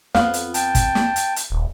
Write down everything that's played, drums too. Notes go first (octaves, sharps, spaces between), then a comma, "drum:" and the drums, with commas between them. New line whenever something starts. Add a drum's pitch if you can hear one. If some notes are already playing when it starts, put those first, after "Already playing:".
F2 B3 F5, drum: snare
drum: hi-hat
G5 A5, drum: hi-hat
drum: kick, hi-hat
drum: snare
drum: hi-hat
drum: hi-hat
D#1